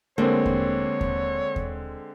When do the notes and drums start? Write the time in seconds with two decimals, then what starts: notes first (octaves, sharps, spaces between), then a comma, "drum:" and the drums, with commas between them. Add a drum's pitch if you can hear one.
0.18 D3 G#3 A#3 C4 C#5
0.46 drum: kick D#2
1.01 drum: kick D#2
1.56 drum: kick D#2